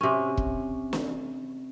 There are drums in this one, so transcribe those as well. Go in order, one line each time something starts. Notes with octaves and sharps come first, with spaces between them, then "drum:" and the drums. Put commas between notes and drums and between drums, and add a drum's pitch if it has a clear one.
C3 C#4
drum: kick
drum: snare